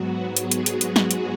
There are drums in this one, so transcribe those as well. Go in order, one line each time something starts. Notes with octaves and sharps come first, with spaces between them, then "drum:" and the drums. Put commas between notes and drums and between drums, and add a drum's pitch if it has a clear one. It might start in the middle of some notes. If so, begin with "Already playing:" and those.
Already playing: G#2 F#3 B3 F#4
G#3 G#4, drum: hi-hat
drum: hi-hat
drum: hi-hat
drum: hi-hat
drum: snare
drum: hi-hat